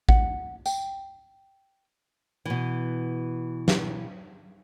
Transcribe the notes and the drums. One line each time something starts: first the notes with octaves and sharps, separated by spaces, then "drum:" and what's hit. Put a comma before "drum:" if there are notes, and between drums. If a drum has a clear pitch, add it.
F#5, drum: kick A1
G5, drum: tambourine
B2 E3
drum: snare